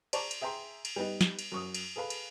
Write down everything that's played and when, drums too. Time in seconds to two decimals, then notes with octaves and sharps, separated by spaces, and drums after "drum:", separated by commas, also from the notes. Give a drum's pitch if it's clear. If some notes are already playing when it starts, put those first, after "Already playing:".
0.13 C5 D5 A5 A#5 C#6 D6, drum: cymbal
0.31 drum: cymbal
0.41 G#4 E5 G5 A#5 C6
0.85 drum: cymbal
0.96 G3 B3 D#4 B4 D#5
1.21 drum: snare
1.39 drum: cymbal
1.52 F#2 C#6 D#6
1.75 drum: cymbal
1.96 G#4 A4 B4 F5 B5
2.10 drum: cymbal